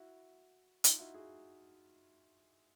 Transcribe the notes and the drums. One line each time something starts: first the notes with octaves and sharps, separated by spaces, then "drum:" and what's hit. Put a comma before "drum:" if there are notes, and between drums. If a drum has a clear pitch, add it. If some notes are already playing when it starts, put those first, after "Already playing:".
Already playing: E4 F#4
D#4 F4, drum: hi-hat
E4 F#4
F#4 G#4